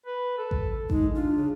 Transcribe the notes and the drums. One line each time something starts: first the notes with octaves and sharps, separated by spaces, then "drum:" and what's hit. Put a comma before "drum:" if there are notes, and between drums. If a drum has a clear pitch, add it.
B4
A4
drum: kick A1
G#3 D#4, drum: kick A1
D4 F4
C#3